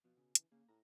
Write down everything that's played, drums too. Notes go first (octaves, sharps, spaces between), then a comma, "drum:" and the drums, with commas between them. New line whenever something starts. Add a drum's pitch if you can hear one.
B2 F3 B3
C#3
E3, drum: hi-hat
C#3 A#3
A2 A#5